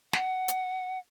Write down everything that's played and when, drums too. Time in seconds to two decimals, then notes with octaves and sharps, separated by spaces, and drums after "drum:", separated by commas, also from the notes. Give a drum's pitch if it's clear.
0.13 F#5, drum: snare
0.48 drum: hi-hat